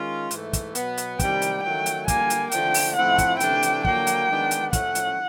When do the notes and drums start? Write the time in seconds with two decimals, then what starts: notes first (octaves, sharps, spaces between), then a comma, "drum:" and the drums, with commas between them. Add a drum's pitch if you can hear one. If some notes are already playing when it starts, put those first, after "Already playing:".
Already playing: D#3 G#3 C#4 F4
0.31 G#2 E3 A3, drum: hi-hat
0.53 drum: kick, hi-hat
0.75 B2 F#3 B3, drum: hi-hat
0.97 drum: hi-hat
1.19 C3 D#3 G3 G5, drum: kick, hi-hat
1.42 drum: hi-hat
1.63 D#3 F#3 A3 G5
1.86 drum: hi-hat
2.08 D3 G3 A#3 G#5, drum: kick, hi-hat
2.30 drum: hi-hat
2.51 D3 F3 A3 G5, drum: hi-hat
2.74 drum: open hi-hat
2.96 A2 F3 A3 C4 E4 F#5
3.18 drum: kick, hi-hat
3.40 C3 E3 A3 D4 G5, drum: hi-hat
3.63 drum: hi-hat
3.85 D3 F#3 A#3 G5, drum: kick
4.07 drum: hi-hat
4.28 D#3 G#3 B3 D4
4.51 drum: hi-hat
4.73 A2 F3 A3 C#4 F#5, drum: kick, hi-hat
4.95 drum: hi-hat